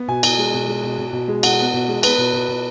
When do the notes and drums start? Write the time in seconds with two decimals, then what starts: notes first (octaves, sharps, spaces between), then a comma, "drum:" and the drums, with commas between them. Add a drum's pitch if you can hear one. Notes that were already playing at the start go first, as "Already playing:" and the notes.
Already playing: B3
0.08 B2 G#5
0.23 B2, drum: cymbal
0.38 G#3
0.54 B2
0.68 G#3
0.83 B2
0.98 B2
1.13 B2
1.28 G#3
1.43 B2 F#5, drum: cymbal
1.58 B3
1.74 B2
1.88 G#3
2.03 B3 B4, drum: cymbal
2.18 B2
2.33 B2
2.48 B2